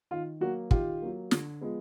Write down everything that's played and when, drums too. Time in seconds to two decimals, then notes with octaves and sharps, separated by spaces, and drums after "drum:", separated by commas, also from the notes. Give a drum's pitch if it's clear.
0.11 D#3 F4
0.41 F#3 A#3 F#4
0.71 D#3 F4 G4, drum: kick
1.02 F#3 A#3
1.31 D3, drum: snare
1.61 F3 G#3 B3